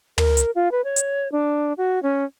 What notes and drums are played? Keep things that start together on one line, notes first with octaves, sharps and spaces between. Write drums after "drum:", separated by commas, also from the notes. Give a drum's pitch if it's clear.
A#4, drum: tom
drum: hi-hat
F4
B4
C#5
drum: hi-hat
D4
F#4
C#4